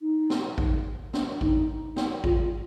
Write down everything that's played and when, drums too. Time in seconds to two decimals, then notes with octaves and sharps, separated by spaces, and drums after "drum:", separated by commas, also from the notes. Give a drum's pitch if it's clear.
0.02 D#4
0.30 drum: snare
0.58 drum: kick G#1
1.13 D4, drum: snare
1.41 D#4, drum: kick G#1
1.96 drum: snare
2.24 F4, drum: kick G#1